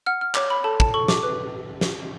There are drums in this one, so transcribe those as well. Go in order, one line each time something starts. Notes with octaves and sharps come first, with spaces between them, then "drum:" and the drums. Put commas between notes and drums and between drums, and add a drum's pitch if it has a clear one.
F#5 F6
F6
C#5 D6, drum: clap
B5
A4 A5
A5, drum: kick
A4 C#6
D6, drum: snare
B4 D6
drum: snare